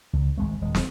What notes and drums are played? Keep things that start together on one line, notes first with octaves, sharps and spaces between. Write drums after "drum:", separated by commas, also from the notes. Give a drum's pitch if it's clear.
C#2
G#1 G#3 A3
D#1 G#3
drum: snare